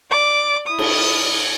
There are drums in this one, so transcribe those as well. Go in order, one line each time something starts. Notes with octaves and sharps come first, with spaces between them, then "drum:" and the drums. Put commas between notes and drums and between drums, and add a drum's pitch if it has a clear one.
D5 D6
E4 D#6
drum: cymbal